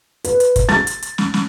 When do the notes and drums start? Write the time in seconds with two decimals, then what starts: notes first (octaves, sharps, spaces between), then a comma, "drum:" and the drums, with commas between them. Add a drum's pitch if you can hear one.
0.24 B4, drum: hi-hat
0.40 drum: hi-hat
0.56 drum: kick, hi-hat
0.69 A6, drum: snare
0.87 drum: hi-hat
1.02 drum: hi-hat
1.18 drum: snare
1.34 drum: snare